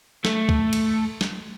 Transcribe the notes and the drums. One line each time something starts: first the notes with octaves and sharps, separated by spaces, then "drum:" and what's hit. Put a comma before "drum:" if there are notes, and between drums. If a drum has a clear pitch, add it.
A3, drum: snare
drum: kick
drum: cymbal
drum: snare